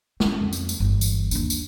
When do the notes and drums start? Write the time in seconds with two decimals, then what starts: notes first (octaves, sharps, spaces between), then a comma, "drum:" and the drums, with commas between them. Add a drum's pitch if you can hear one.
0.20 C4 C#4, drum: snare
0.41 F2
0.53 drum: tambourine
0.69 drum: tambourine
0.80 G1 E3
1.01 drum: tambourine
1.31 D#2 D4, drum: tambourine
1.50 drum: tambourine